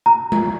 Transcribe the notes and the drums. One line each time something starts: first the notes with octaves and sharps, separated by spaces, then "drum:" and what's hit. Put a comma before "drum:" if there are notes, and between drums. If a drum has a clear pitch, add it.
A#5
drum: tom G#3